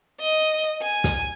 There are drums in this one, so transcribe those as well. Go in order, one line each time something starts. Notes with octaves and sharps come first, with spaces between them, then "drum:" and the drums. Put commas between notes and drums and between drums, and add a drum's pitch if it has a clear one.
D#5
G#5
drum: snare